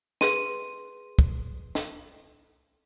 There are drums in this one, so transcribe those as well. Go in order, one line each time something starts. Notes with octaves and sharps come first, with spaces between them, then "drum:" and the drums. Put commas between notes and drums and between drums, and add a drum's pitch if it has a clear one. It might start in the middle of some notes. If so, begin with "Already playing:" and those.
G#4 B4 C6 D#7, drum: snare
drum: kick
drum: snare